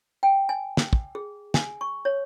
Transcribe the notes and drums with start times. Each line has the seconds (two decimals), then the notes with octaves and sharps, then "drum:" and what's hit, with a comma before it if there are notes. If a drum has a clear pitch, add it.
0.23 G5
0.49 G#5
0.77 drum: snare
0.93 drum: kick
1.15 G#4
1.54 G#5, drum: snare
1.81 C#6
2.05 C#5